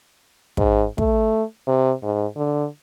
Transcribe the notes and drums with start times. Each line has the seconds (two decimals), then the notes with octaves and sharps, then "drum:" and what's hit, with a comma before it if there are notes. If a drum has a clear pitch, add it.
0.57 G#2, drum: kick
0.98 A3, drum: kick
1.67 C3
2.03 G#2
2.36 D3